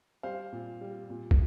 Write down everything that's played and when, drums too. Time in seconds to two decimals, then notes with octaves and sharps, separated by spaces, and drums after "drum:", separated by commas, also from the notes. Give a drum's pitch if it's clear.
0.23 G3 C5 F5
0.52 A#2
0.81 G3
1.10 A#2
1.31 drum: kick